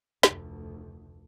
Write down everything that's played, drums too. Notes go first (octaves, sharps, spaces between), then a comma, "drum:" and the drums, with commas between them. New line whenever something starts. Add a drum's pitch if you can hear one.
F1 D2, drum: snare